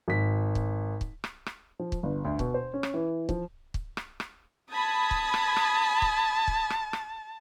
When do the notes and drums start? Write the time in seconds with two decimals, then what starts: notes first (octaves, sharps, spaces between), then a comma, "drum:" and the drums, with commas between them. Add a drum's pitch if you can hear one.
0.08 G#1 B6
0.55 drum: kick
1.01 drum: kick
1.24 drum: rim click
1.46 drum: rim click
1.79 F3
1.92 drum: kick
2.03 G1
2.25 D2
2.39 B2, drum: kick
2.54 C5
2.74 C#4
2.83 drum: rim click
2.94 E3
3.29 F3, drum: kick
3.74 drum: kick
3.97 drum: rim click
4.20 drum: rim click
4.72 A5 B5 D#6 G#6
5.11 drum: kick
5.34 drum: rim click
5.56 drum: rim click
6.02 drum: kick
6.48 drum: kick
6.70 drum: rim click
6.93 drum: rim click